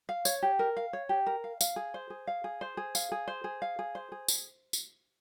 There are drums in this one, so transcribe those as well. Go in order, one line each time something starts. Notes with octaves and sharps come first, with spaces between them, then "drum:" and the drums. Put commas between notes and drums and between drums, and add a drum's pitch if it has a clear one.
F5
C#5, drum: tambourine
G4
A#4
F5
C#5
G4
A#4
F5
F5, drum: tambourine
G#4
C5
G#4
F5
G#4
C5
G#4
F5, drum: tambourine
G#4
C5
G#4
F5
G#4
C5
G#4
drum: tambourine
drum: tambourine